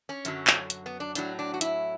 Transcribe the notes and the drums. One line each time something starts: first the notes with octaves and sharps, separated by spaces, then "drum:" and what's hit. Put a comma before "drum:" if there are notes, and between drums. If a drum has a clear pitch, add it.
C#4
F#2 D3 F#3, drum: hi-hat
drum: clap
drum: hi-hat
B3
D4
A2 F#3 D4, drum: hi-hat
D4
F#4
E4, drum: hi-hat